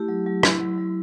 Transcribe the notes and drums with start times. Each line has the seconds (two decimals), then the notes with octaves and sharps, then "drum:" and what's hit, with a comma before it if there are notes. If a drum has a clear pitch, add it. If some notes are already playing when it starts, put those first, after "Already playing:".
Already playing: A3 E4 G4
0.08 F#3
0.26 F#3
0.43 E4, drum: rim click
0.61 F#3
0.78 F#3